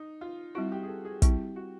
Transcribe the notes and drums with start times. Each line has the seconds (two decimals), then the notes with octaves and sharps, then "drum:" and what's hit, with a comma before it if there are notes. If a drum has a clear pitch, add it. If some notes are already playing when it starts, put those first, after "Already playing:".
Already playing: D#4
0.21 F4
0.55 G3 C4 E4 F#4
0.72 G4
0.83 G#4
0.88 A4
1.05 G#4
1.22 G3 C4 E4 G4, drum: kick, hi-hat
1.56 F#4